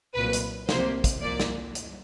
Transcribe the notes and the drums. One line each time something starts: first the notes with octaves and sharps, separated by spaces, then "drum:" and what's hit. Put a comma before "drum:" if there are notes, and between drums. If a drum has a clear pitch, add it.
C2 A#2 F#3 B4
drum: hi-hat
C2 C3 F3 A#3 C5, drum: snare
drum: kick, hi-hat
C2 A#2 F3 A#3 D5
drum: snare
drum: hi-hat